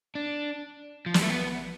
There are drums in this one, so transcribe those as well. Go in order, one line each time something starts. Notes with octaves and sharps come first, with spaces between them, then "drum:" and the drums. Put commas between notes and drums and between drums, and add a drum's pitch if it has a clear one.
D4
F3
G3, drum: snare
A3
B3